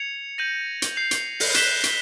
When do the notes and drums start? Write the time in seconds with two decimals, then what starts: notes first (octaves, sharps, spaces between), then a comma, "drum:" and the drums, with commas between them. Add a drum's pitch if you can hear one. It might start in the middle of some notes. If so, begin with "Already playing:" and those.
Already playing: G#6 C#7 F7
0.38 G6 A#6 D#7 F#7
0.82 drum: hi-hat
0.96 G6 C7 F7
1.11 drum: hi-hat
1.40 drum: open hi-hat
1.54 F#6 B6 E7 G7, drum: hi-hat
1.83 drum: hi-hat